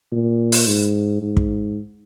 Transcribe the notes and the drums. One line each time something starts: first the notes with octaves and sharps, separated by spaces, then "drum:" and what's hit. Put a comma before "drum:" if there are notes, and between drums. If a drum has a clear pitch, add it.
A#2
drum: open hi-hat
G#2
G#2
drum: kick